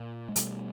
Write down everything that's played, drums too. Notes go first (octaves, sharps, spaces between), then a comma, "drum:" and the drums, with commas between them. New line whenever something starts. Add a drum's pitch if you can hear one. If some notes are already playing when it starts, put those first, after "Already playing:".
Already playing: A#2
G#3
B2 G3 A3, drum: hi-hat